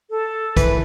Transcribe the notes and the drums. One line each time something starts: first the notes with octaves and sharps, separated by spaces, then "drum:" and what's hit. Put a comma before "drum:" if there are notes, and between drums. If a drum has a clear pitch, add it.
A4
E3 B4, drum: kick, hi-hat